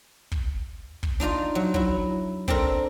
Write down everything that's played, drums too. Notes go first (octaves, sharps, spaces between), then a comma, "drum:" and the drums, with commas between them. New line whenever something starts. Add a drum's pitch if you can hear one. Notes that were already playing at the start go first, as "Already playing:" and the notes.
drum: kick
drum: kick
D4 D#4 F4 D5
F#3
F#3 E4, drum: kick
C4 D4 A4 A#4, drum: kick